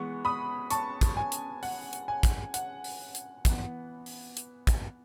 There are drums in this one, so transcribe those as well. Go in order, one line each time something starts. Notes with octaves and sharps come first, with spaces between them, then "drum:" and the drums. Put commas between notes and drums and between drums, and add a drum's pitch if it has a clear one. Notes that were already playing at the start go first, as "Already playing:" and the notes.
Already playing: E3 G#3 B3 C#6
B5 D#6
A5 C#6, drum: hi-hat
drum: kick, hi-hat
G#5
drum: hi-hat
F#5, drum: open hi-hat
drum: hi-hat
G#5
drum: kick, hi-hat
F#5, drum: hi-hat
drum: open hi-hat
drum: hi-hat
E3 B3, drum: kick, hi-hat
drum: open hi-hat
drum: hi-hat
drum: kick, hi-hat